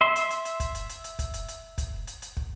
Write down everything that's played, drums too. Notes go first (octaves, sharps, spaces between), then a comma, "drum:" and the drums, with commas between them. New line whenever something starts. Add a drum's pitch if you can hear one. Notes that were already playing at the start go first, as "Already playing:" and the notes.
E5 C6
drum: hi-hat
drum: hi-hat
drum: hi-hat
drum: kick, hi-hat
drum: hi-hat
drum: hi-hat
drum: hi-hat
drum: kick, hi-hat
drum: hi-hat
drum: hi-hat
drum: kick, hi-hat
drum: hi-hat
drum: hi-hat
drum: kick